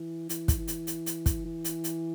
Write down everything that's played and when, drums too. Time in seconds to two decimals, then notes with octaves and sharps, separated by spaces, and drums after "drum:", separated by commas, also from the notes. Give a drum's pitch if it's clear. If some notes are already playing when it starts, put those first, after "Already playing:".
Already playing: E3
0.29 E3, drum: hi-hat
0.48 drum: kick, hi-hat
0.58 E3
0.68 drum: hi-hat
0.87 drum: hi-hat
1.06 drum: hi-hat
1.26 drum: kick, hi-hat
1.45 E3
1.65 drum: hi-hat
1.84 drum: hi-hat